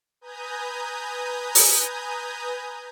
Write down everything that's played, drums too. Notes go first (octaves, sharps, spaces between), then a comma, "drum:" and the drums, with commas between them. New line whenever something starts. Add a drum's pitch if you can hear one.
B4 G#5 A#5 D#6 G6
drum: open hi-hat